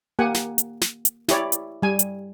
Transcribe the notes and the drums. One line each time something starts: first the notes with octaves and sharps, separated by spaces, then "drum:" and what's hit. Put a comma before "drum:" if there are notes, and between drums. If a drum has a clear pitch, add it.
A#3 G4 F#5 G#5
drum: snare
drum: hi-hat
drum: snare
drum: hi-hat
E4 G4 C#5 D5, drum: snare
drum: hi-hat
G3 G#5
drum: hi-hat